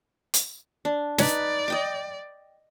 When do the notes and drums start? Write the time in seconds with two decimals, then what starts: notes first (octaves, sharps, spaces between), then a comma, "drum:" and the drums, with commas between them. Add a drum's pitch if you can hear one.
0.34 drum: hi-hat
0.85 D4
1.18 D#4 B4 D5, drum: snare
1.68 D#5 G5 D6